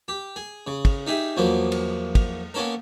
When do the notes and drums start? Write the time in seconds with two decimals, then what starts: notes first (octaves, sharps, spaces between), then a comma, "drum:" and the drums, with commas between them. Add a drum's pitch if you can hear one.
0.08 G4
0.36 G#4
0.67 C#3
0.85 drum: kick, cymbal
1.07 D#4 G4 G#4 E5
1.37 E2 F3 F#3 A#3 B3
1.72 drum: cymbal
2.15 drum: kick, cymbal
2.54 A#3 B3 C#4 A4 A#4